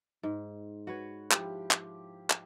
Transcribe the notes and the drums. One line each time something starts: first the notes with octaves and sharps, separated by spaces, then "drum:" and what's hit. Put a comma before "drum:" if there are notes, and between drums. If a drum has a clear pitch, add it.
G#2
F#4 B4 C#5
F3 E4 G4, drum: clap
drum: clap
drum: clap